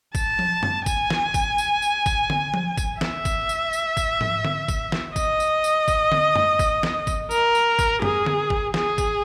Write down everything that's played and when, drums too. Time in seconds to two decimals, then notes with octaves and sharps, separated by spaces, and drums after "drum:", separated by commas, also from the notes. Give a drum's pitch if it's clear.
0.15 A5, drum: kick G#1, tambourine
0.39 drum: tom F3
0.63 drum: tom F#2
0.86 G#5, drum: kick G#1, tambourine
1.10 drum: snare
1.34 drum: kick G#1, tambourine
1.58 drum: tambourine
1.82 drum: tambourine
2.06 drum: kick G#1, tambourine
2.30 drum: tom D3
2.54 drum: tom F3
2.78 drum: kick G#1, tambourine
3.01 E5, drum: snare
3.25 drum: kick G#1, tambourine
3.49 drum: tambourine
3.73 drum: tambourine
3.97 drum: kick G#1, tambourine
4.21 drum: tom G#2
4.45 drum: tom D3
4.68 drum: kick G#1, tambourine
4.92 drum: snare
5.16 D#5, drum: kick G#1, tambourine
5.40 drum: tambourine
5.64 drum: tambourine
5.88 drum: kick G#1, tambourine
6.12 drum: tom D3
6.35 drum: tom F#2
6.59 drum: kick G#1, tambourine
6.83 drum: snare
7.07 drum: kick G#1, tambourine
7.31 A#4, drum: tambourine
7.55 drum: tambourine
7.79 drum: kick G#1, tambourine
8.02 G#4, drum: tom F#2
8.26 drum: tom D3
8.50 drum: kick G#1
8.74 G#4, drum: snare
8.98 drum: kick G#1, tambourine